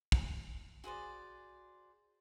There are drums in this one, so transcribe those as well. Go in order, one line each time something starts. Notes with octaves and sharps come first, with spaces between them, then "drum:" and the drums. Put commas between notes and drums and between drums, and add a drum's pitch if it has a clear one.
drum: kick
F#4 G#4 C5 D5